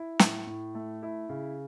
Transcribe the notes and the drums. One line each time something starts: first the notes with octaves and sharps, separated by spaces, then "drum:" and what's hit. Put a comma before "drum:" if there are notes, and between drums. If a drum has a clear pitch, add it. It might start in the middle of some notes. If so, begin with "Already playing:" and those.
Already playing: E4
A2, drum: snare
A2
A3
E4
C#3